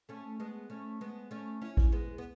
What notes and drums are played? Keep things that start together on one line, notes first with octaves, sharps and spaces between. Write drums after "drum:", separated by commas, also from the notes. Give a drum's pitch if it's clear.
A3 C#4
G#3 B3
A3 C#4
G#3 B3
A3 C#4
C#4 E4
drum: kick A1
G#3 B3
B3